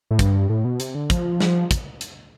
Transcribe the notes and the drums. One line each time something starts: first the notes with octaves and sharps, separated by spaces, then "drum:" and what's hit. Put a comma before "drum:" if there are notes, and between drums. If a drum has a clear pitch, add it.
A2
G2, drum: kick, hi-hat
A2
B2
C3, drum: hi-hat
D3
F3, drum: kick, hi-hat
drum: snare
drum: kick, hi-hat
drum: hi-hat